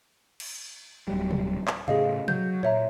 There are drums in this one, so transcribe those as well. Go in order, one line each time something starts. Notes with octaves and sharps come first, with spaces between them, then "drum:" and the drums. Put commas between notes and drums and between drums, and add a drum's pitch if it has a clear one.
drum: cymbal
D1 F#3 G3
drum: tom
drum: clap
A2 C#3 G#4 D#5 F5
F#3 G6, drum: tom
A#2 C#5 E5 A#5